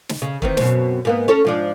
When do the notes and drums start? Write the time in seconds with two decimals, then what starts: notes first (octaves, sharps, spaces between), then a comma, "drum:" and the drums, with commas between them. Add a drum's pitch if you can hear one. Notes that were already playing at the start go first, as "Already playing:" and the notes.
0.09 drum: snare
0.22 C#3
0.42 D#3 E3 C4, drum: kick E1
0.57 F#2 B2 C4, drum: snare
1.05 G#2 A#3 B3
1.28 C#4 A4 C#5
1.45 G#2 F3 D4